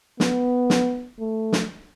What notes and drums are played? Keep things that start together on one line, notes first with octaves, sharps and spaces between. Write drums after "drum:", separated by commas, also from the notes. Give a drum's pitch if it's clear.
B3, drum: snare
drum: snare
A3
drum: snare